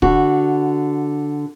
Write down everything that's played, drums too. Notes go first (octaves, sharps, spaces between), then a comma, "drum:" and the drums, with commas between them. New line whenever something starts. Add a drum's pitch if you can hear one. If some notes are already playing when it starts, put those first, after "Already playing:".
D3 F#4, drum: kick